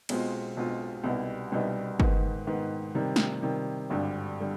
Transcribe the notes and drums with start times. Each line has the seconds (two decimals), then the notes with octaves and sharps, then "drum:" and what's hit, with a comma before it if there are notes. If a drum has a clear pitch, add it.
0.09 B1 B2 G#3 C4 F4, drum: cymbal
0.56 B1 B2 G#3 C4 F4
1.04 C2 B2 G3 B3 D#4
1.52 C2 B2 G3 B3 D#4
2.00 G#2 D#3 B3, drum: kick G1
2.47 G#2 D#3 B3
2.95 C3 D#3 G3
3.16 drum: snare
3.42 C3 D#3 G3
3.90 G#1 G2 D3 G3
4.40 D3 G3